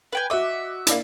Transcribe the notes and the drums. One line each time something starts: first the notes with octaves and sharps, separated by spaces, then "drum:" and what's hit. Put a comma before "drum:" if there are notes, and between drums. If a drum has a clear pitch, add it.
B4 G5 G#5
F#4 D#5 E5 D6
A#3 D4 E4, drum: hi-hat